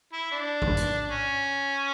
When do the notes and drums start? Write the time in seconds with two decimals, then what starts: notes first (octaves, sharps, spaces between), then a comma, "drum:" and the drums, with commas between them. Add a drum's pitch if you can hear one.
0.13 E4
0.32 D4
0.62 drum: kick A1
0.77 drum: hi-hat
1.10 C#4